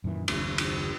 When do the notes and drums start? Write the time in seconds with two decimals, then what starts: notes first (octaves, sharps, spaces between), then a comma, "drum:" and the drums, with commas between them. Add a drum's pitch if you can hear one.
0.04 F#2 A#2 D#3 E3
0.28 F#1 D#2 A3 C4, drum: cymbal
0.58 drum: cymbal